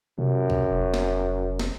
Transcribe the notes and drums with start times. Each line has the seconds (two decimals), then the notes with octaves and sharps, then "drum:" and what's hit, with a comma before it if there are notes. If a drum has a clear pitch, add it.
0.18 F#2 C3
0.50 drum: kick C2
0.72 F1
0.94 drum: snare
1.59 drum: snare